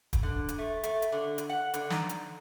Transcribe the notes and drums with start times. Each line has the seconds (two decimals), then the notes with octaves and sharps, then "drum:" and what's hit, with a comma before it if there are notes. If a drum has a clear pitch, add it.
0.13 drum: kick, hi-hat
0.23 D3
0.49 drum: hi-hat
0.59 A3
0.83 A3, drum: hi-hat
1.02 drum: hi-hat
1.12 D3
1.38 drum: hi-hat
1.49 F#5
1.74 D3, drum: hi-hat
1.90 D#4, drum: snare
2.09 drum: hi-hat